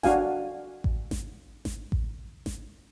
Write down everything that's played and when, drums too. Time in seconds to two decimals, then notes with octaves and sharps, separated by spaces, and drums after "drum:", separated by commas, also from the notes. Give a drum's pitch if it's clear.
0.03 D4 F#4 F5 G#5, drum: snare G#1
0.84 drum: kick A1
1.11 drum: snare G#1
1.65 drum: snare G#1
1.92 drum: kick A1
2.46 drum: snare G#1